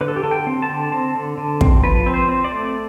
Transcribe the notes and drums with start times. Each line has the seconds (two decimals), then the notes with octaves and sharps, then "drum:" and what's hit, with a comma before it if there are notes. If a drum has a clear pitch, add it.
0.01 D3 B4
0.08 A4
0.16 G4
0.23 D3 A4
0.31 G5
0.47 C4
0.62 A5
0.69 D3
0.92 C4 A5
1.15 D3
1.38 D3
1.61 C4, drum: kick
1.83 F3 B4
2.06 C4
2.14 C5
2.29 C4
2.44 D5
2.52 A3